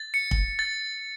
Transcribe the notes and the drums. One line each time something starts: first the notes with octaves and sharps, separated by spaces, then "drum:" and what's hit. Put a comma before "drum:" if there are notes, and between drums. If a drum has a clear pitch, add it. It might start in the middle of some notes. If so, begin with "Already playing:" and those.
Already playing: A6
C#7
drum: kick
A6